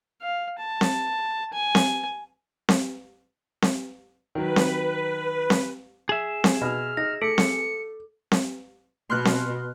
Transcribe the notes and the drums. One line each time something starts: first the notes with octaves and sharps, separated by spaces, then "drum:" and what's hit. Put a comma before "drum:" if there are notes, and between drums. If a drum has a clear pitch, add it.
F5
A5
drum: snare C4
G#5
drum: snare C4
drum: snare C4
drum: snare C4
D#3 F#3 B4
drum: snare C4
drum: snare C4
G#4 E5
drum: snare C4
B2 F6
D#4 A#6
A3 A4 C#7
drum: snare C4
drum: snare C4
B2 C6 F6 F#6
drum: snare C4